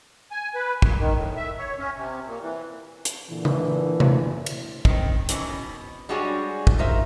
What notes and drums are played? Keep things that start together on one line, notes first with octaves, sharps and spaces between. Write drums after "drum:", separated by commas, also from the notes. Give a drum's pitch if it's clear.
G#5
B4
A#2, drum: kick
D#3
A2
E5
C#5
C#4
C3
A#2
E3
drum: hi-hat
A#2 D3 E3
drum: tom C#3
drum: tom C3
drum: cymbal
D#3 C4, drum: kick
D#3 E3 F#3 C#4, drum: hi-hat
B2
G3 G#3 D4 F#4 G#4 C#5
drum: kick
D#4 F4 A#4 C5 E5